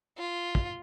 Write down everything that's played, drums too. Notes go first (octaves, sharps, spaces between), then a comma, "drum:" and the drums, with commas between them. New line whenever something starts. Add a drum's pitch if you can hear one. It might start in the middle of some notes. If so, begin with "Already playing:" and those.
F4
drum: kick